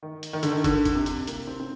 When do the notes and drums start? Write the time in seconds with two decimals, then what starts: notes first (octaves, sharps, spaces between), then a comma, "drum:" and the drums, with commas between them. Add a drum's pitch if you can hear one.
0.03 D#3
0.23 drum: hi-hat
0.33 D#3
0.43 D3, drum: hi-hat
0.51 D#3
0.64 D3, drum: kick, hi-hat
0.85 drum: kick, hi-hat
0.95 C3
1.06 drum: hi-hat
1.27 A#3, drum: hi-hat
1.47 C4
1.60 C4